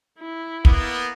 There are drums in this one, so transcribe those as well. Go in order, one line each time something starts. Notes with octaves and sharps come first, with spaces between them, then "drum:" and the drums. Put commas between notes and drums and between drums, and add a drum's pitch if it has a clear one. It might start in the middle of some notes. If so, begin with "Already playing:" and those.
E4
A#3 B3, drum: kick